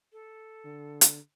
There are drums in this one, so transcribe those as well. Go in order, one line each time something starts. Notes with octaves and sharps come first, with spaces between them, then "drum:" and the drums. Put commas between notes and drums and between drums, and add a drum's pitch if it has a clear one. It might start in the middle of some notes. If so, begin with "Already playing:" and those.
A4
D3
drum: hi-hat